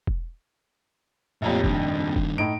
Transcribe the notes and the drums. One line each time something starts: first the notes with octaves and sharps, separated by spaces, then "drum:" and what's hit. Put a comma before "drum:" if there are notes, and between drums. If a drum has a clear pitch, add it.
drum: kick E1
A#1 F2 A2 F4 G4 C#5 A#5
G2 D#3 D4, drum: kick E1
drum: kick E1
A2 D#4 D7